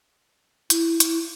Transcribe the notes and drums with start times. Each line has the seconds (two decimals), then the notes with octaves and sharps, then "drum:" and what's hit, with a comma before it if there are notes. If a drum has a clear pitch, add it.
0.70 E4, drum: hi-hat
1.00 drum: hi-hat